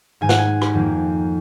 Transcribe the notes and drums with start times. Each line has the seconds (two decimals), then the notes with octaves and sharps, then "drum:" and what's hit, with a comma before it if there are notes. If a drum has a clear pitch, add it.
0.21 G#2 D#3 G#3 G#5
0.29 F#5, drum: snare
0.38 G#5
0.61 drum: rim click
0.74 F2 D#3 A#3